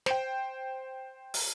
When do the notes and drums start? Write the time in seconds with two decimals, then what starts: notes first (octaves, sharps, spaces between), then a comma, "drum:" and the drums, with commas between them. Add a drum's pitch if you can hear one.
0.06 C5 G5, drum: snare
1.34 drum: open hi-hat